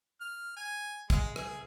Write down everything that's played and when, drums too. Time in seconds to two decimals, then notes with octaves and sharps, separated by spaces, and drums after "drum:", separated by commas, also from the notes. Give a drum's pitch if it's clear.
0.21 F6
0.57 G#5
1.10 G#3, drum: kick, hi-hat
1.36 G#4, drum: rim click